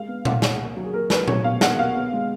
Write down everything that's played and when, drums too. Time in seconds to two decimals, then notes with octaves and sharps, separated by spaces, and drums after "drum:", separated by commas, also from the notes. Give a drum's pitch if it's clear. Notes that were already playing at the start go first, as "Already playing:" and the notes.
Already playing: G#3 F5
0.08 B3
0.25 B3 F#5, drum: tom A#2
0.42 A#2 C#5, drum: snare
0.60 A#3
0.77 F#3
0.84 G#4
0.93 A#3 A#4
1.10 F#3 B4, drum: snare
1.28 F#3 C#5, drum: tom A#2
1.44 B2 F5
1.61 B2 F#5, drum: snare
1.79 B2 F5
1.96 B3
2.13 G#3